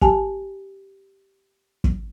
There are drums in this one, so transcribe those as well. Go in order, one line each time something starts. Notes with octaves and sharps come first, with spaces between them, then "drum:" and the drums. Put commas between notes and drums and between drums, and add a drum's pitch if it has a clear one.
G4 G#5 A5, drum: kick
drum: kick